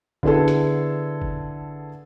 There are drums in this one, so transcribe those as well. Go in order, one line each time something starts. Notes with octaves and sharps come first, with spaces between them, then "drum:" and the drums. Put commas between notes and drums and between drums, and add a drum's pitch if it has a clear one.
D3 B3 E4 G#4 A4, drum: kick G1
drum: hi-hat
drum: kick G1